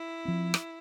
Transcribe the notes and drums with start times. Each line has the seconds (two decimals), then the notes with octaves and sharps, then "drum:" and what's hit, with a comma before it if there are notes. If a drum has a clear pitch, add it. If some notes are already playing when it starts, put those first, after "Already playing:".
Already playing: E4
0.25 F3 C4
0.54 drum: rim click